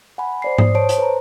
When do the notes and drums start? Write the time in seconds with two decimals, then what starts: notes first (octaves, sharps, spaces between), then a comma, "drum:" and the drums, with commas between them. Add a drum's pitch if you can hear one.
0.18 F#5 G#5 B5
0.42 C5 D5 C7
0.58 D#6, drum: tom G#2
0.75 C5 C#5 A5 D7
0.89 drum: hi-hat
0.98 B4 C5 A#5